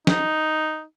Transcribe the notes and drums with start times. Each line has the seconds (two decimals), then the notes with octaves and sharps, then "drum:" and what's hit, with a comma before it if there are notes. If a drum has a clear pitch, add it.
0.07 D#4, drum: snare